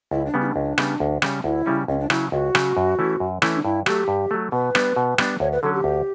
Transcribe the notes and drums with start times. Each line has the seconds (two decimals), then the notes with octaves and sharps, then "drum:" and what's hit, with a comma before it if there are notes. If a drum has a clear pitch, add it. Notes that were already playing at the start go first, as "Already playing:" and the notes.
0.11 C#2 E4
0.26 D4
0.34 C#3 G3 B3
0.41 E4
0.46 D4
0.56 C#2
0.78 C#3 G3 B3, drum: rim click
1.00 D2
1.22 C#3 G3 C#4, drum: rim click
1.44 D2 E4
1.66 C#3 G3 C#4
1.88 C#2 C#4
2.00 D4
2.10 C#3 F#3 E4, drum: rim click
2.32 C#2 F#4
2.55 C#3 F#3, drum: rim click
2.77 F#2
2.99 E3 A3 C#4 E4
3.20 F#2
3.42 E3 A3 C#4 E4, drum: rim click
3.55 D4
3.65 G2 E4
3.86 F#3 A3 G4, drum: rim click
4.08 G2
4.31 F#3 A3
4.52 B2 B4
4.75 G3 B3 D4, drum: rim click
4.96 B2
5.18 G3 B3 D4, drum: rim click
5.40 D2 C#5
5.52 B4
5.63 D3 F#3 C#4 A4
5.74 G4
5.84 D2